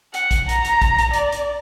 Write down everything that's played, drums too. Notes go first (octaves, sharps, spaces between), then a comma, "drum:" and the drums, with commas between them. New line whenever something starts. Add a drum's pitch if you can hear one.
F#5, drum: hi-hat
drum: kick, hi-hat
A#5, drum: hi-hat
drum: hi-hat
drum: kick, hi-hat
drum: hi-hat
D5, drum: hi-hat
drum: hi-hat